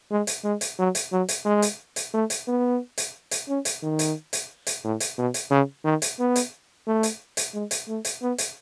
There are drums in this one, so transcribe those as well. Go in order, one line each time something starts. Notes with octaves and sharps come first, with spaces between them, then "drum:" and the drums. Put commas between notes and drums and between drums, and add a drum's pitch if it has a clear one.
G#3
drum: hi-hat
G#3
drum: hi-hat
F#3
drum: hi-hat
F#3
drum: hi-hat
G#3
drum: hi-hat
drum: hi-hat
A3
drum: hi-hat
B3
drum: hi-hat
drum: hi-hat
C#4
drum: hi-hat
D#3
drum: hi-hat
drum: hi-hat
drum: hi-hat
A2
drum: hi-hat
B2
drum: hi-hat
C#3
D#3
drum: hi-hat
B3
drum: hi-hat
A3
drum: hi-hat
drum: hi-hat
G#3
drum: hi-hat
A3
drum: hi-hat
B3
drum: hi-hat